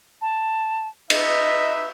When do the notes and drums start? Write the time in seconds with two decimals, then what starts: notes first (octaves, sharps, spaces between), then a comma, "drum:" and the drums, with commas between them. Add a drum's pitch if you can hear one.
0.21 A5
1.10 D#4 B4 D#5 E5, drum: cymbal